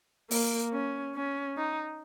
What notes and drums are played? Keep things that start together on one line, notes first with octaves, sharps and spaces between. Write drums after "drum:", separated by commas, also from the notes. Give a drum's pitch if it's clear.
A#3, drum: open hi-hat
C#4
C#4
D#4